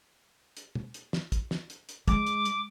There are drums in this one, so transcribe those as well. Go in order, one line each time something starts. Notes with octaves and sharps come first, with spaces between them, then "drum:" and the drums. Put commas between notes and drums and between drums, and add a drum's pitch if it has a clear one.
drum: hi-hat
drum: tom
drum: hi-hat
drum: snare
drum: kick, hi-hat
drum: snare
drum: hi-hat
drum: hi-hat
G#3 D6, drum: kick, hi-hat
drum: hi-hat
drum: hi-hat